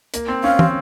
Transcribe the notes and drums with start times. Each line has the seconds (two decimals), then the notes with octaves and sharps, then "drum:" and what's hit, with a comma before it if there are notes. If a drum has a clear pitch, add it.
0.14 A#3, drum: hi-hat
0.28 C4
0.44 C#4 F5
0.59 C4, drum: tom